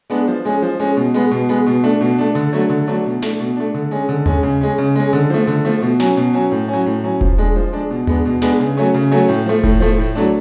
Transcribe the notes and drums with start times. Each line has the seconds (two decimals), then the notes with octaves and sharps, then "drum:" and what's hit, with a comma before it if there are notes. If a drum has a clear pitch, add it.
0.10 G#3 B3 D4
0.28 F3
0.45 G#3 C#4
0.62 F3
0.80 G#3 C#4
0.97 B2
1.14 G#3 B3, drum: open hi-hat
1.31 B2
1.49 G#3 B3
1.66 B2
1.84 A3 D4
2.01 B2
2.18 A3 D4
2.35 D3, drum: hi-hat
2.53 F#3 A3 D4
2.70 D3
2.87 F#3 A3 D4
3.05 B2
3.22 A3 D4, drum: snare
3.40 B2
3.56 A3 D4
3.74 D3
3.91 G#3 C#4
4.09 D3
4.26 G#3 C#4, drum: tom D#2
4.43 C#3
4.61 G#3 C#4
4.78 C#3
4.95 G#3 C#4
5.13 D3
5.30 F3 A3
5.47 D3
5.65 F3 A3
5.82 B2
6.00 F#3 C#4, drum: snare
6.17 B2
6.34 F#3 C#4
6.51 A2
6.68 F#3 C#4
6.86 A2
7.04 F#3 C#4
7.21 F3, drum: kick E1
7.38 G#3 D4
7.56 F3
7.73 G#3 D4
7.90 B2
8.07 G#3 B3 D4, drum: tom D#2
8.25 B2
8.42 G#3 B3 D4, drum: snare
8.59 C#3
8.77 F#3 A3 C#4
8.94 C#3
9.11 F#3 A3 C#4
9.29 A2
9.46 F3 A3
9.63 A2, drum: kick E1
9.80 F3 A3
9.98 A2
10.15 F#3 A3 D4